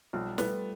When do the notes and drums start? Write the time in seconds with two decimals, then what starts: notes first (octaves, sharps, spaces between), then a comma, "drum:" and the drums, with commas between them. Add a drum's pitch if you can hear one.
0.13 B1 F3 G3
0.38 G3 A3 B3, drum: snare